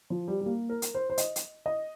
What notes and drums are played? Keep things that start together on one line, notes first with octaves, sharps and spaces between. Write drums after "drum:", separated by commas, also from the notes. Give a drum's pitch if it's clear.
F3
G3
G3
A#3
A#4
drum: hi-hat
C5
C5
D#5, drum: hi-hat
drum: hi-hat
D#5